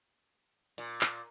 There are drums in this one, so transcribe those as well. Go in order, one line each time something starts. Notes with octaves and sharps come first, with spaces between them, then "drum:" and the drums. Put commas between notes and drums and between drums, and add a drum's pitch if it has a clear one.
A#2, drum: hi-hat
drum: clap